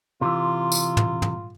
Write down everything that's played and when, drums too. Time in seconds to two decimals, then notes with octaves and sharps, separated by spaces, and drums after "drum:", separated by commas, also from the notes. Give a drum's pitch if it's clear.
0.21 C3 E3 F4
0.72 drum: tambourine
0.97 drum: tom
1.22 drum: tom